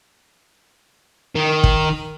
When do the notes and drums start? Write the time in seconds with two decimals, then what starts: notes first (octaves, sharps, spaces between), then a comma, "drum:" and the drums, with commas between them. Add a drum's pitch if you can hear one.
1.36 D#3
1.63 drum: kick